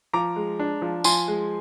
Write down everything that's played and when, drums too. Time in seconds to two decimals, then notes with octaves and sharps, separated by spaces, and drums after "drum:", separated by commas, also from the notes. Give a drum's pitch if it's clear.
0.13 F3 A#5 D6
0.36 G#3
0.59 D4
0.82 F3
1.04 F3 G#5 C6, drum: tambourine
1.28 G#3